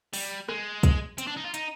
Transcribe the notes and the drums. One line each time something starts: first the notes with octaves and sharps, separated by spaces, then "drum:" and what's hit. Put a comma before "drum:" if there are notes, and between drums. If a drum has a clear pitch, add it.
G3, drum: open hi-hat
G#3, drum: rim click
drum: kick, hi-hat
C4, drum: hi-hat
D4
D#4
F4
D#4, drum: hi-hat